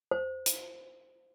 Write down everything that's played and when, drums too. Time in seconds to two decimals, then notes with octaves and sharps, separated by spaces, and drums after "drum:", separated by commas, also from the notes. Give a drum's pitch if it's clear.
0.11 C5
0.46 drum: hi-hat